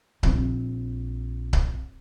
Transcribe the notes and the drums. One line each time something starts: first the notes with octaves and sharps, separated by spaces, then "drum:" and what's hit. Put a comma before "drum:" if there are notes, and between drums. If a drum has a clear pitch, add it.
A#1 C4, drum: kick C#1
drum: kick C#1